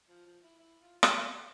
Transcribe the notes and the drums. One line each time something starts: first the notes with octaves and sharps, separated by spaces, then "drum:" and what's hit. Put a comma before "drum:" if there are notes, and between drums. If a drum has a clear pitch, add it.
F3
F3
E4
E4
F4
D4, drum: rim click
B3